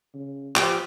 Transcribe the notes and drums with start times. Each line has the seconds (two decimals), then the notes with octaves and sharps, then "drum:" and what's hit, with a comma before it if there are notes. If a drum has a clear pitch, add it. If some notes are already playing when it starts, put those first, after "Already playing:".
0.14 C#3
0.56 F3 G4, drum: clap